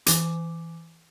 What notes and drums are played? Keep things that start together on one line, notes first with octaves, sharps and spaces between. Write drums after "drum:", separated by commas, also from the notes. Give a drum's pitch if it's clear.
E3 D6, drum: hi-hat